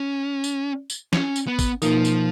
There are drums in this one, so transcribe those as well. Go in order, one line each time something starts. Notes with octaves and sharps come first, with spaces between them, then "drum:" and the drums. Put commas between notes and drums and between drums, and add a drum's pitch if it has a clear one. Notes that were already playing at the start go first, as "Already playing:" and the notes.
Already playing: C#4
drum: tambourine
drum: tambourine
C#4, drum: snare
drum: tambourine
B3
drum: kick, tambourine
B2 F3 A#3 D#4 A#4, drum: tambourine
drum: tambourine